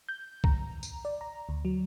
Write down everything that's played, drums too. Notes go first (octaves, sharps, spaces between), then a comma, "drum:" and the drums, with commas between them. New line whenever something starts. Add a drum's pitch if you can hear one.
G6
A#5, drum: kick C2
drum: tambourine
D5
A#5
D2
F#3